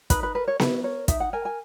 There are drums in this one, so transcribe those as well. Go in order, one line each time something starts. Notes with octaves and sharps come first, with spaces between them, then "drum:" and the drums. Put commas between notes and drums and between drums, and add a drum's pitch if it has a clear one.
D#4 B4, drum: kick, hi-hat
B4
A#4 B4
C#5
E4 B4, drum: snare B3
A#4 C#5
D#4 E5, drum: kick, hi-hat
F#5
A#4 G#5
G#5